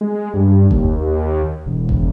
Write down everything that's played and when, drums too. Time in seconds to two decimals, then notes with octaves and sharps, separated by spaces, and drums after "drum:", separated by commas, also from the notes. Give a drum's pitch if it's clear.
0.01 G#3
0.34 G2
0.71 D#2, drum: kick F#1
1.66 E1
1.89 drum: kick F#1